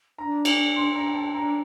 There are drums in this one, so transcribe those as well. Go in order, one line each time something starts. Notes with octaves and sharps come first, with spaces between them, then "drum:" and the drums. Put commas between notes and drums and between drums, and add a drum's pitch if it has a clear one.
D4 D#4 A#5
drum: cymbal
C6
A#5
G5
A5
D4 A#5